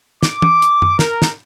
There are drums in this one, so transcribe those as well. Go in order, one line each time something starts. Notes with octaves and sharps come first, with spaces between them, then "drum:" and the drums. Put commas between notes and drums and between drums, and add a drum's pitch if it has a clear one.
D6, drum: snare
drum: tom
drum: hi-hat
drum: tom F#2
A#4, drum: snare
drum: snare